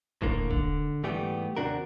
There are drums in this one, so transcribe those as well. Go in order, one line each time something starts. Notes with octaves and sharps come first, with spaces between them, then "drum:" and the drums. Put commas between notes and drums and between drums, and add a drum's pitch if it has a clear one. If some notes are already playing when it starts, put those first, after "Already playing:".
A2 D3 A#3, drum: kick D#1
D3, drum: kick D#1
G#2 E3 G3 A3 B3 G4
D#2 C3 D4 F#4 A#4